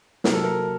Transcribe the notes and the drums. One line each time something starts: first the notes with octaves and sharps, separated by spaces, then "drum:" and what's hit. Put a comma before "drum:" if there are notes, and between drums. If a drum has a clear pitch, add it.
C3 F#3 A#3 A#4, drum: snare
A4
A#4